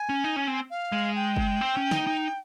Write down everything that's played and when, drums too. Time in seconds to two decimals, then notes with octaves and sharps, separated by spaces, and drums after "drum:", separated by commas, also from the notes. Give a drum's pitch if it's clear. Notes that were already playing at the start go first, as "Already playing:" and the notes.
Already playing: G#5
0.09 C#4
0.24 D#4
0.36 C#4
0.47 C4
0.70 F5
0.92 G#3
1.16 G5
1.37 drum: kick
1.61 C4
1.77 C#4
1.91 D#4, drum: snare
2.07 D#4